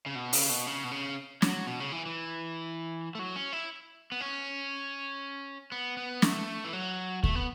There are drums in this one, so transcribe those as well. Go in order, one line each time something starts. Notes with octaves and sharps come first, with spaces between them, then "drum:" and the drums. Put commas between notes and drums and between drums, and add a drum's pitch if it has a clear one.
C#3
B2
C#3, drum: open hi-hat
B2
C#3
B2
C#3
F#3, drum: snare
B2
C#3
E3
E3
A3
F#3
C#4
E4
B3
C#4
B3
B3
A3, drum: snare
E3
F#3
A3, drum: kick D2
B3